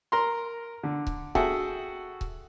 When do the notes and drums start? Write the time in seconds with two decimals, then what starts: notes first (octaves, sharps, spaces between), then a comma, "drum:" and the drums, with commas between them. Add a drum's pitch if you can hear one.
0.12 A#4 A#5 C6
0.83 D3
1.07 drum: kick C#1
1.35 F#4 G#4 A4 E5 F#5 G5, drum: kick C#1
2.21 drum: kick C#1